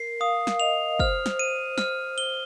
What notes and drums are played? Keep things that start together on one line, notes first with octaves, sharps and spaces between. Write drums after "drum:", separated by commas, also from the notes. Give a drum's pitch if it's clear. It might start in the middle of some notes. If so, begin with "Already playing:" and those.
Already playing: A#4 C7
F5 D#6
drum: snare
D#5 F7
C5 F6, drum: kick
drum: snare
D#7
F6, drum: snare
G7